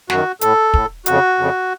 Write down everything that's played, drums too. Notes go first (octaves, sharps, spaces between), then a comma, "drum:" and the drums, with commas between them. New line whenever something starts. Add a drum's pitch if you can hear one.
F#2 D#3 F#4, drum: snare
A2 A4, drum: hi-hat
A2, drum: kick
F2 C#3 F#4, drum: hi-hat
F2 C#3